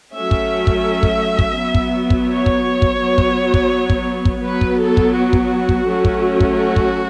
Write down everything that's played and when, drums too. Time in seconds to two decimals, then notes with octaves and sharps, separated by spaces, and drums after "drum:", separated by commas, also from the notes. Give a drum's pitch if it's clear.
0.13 F#3 A3 C#4 E5
0.31 drum: kick
0.67 drum: kick
1.03 drum: kick
1.39 drum: kick
1.57 F#3 B3
1.75 drum: kick
2.10 drum: kick
2.29 C#5
2.46 drum: kick
2.82 drum: kick
3.00 F#3 B3
3.18 drum: kick
3.54 drum: kick
3.90 drum: kick
4.25 drum: kick
4.43 F#3 B3 B4
4.61 drum: kick
4.79 A4
4.97 drum: kick
5.15 F#4
5.33 drum: kick
5.69 drum: kick
5.87 F#3 A3 C#4
6.05 drum: kick
6.40 drum: kick
6.58 F#4
6.76 drum: kick